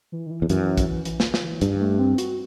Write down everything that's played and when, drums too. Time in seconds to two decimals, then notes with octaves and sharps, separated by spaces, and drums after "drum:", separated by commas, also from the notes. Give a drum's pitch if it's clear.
0.12 E3
0.26 D#3
0.31 E3
0.42 E2
0.49 F#2 E3, drum: hi-hat
0.77 drum: kick A#1, hi-hat
1.05 E3, drum: hi-hat
1.20 drum: snare
1.34 drum: snare
1.43 E3
1.61 G2 G3, drum: hi-hat
1.81 A3
1.99 C4
2.18 F#4, drum: hi-hat